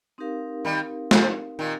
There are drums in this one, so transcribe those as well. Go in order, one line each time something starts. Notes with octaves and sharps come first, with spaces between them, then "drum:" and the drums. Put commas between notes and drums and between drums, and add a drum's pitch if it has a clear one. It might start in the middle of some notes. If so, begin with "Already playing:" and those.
C4 D#4 G4 A#4 F5
D#3 G3
C3 F3, drum: snare
A#2 D#3